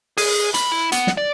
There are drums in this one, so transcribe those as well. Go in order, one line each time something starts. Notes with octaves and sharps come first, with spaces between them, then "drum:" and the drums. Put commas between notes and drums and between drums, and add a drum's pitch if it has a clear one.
G#4, drum: open hi-hat
B5, drum: hi-hat
E4
B3, drum: hi-hat
drum: snare
D5